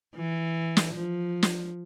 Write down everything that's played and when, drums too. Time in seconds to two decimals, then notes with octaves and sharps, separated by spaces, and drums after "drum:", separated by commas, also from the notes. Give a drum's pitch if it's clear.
0.16 E3
0.77 drum: snare
0.94 F3
1.43 drum: snare